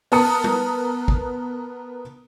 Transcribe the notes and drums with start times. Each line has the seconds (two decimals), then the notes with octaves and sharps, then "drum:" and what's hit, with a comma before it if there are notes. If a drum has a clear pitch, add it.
0.12 B3 A#4 A5 D#6 C#7, drum: open hi-hat
0.44 drum: tom
1.08 drum: kick